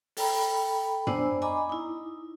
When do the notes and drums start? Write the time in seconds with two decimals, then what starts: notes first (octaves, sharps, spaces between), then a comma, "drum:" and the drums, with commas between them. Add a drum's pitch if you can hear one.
0.17 A4 G5 A#5 B5, drum: open hi-hat
1.07 B3 D4 C5 D5 G#5 E6, drum: tom
1.42 D#5 G#5 A#5 B5 C#6 D6
1.69 D#4 E4